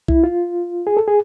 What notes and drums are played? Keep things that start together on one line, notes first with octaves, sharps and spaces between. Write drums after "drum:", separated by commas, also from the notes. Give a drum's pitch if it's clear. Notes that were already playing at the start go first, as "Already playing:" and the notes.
E4, drum: kick B1
F4
G#4
A4
G#4